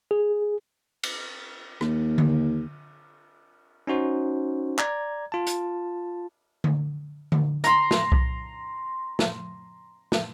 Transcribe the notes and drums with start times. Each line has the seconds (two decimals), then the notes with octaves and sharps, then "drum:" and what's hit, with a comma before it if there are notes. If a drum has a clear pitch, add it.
0.11 G#4
1.03 drum: cymbal
1.81 D#2, drum: rim click
2.18 drum: tom D3
3.87 C#4 D#4 F#4 C5
4.78 D5 A#5 G#6, drum: clap
5.32 F4 A5
5.47 drum: hi-hat
6.64 drum: tom D3
7.32 drum: tom D3
7.64 A#5 C6, drum: hi-hat
7.91 drum: snare
8.12 drum: kick C2
9.19 drum: snare
10.12 drum: snare